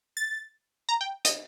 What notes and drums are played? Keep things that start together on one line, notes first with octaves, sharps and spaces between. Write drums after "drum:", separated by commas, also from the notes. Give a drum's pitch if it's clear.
A6
A#5
G5
D#5, drum: hi-hat